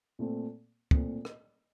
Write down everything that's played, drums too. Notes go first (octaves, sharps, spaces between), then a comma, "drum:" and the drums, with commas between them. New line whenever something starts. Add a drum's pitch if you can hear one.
A#2 A3 C4
A#2 A3 C4, drum: kick
drum: rim click